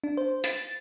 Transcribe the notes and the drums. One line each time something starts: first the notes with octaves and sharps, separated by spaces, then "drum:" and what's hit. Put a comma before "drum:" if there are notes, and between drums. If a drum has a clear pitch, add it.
D4
C5
A6, drum: hi-hat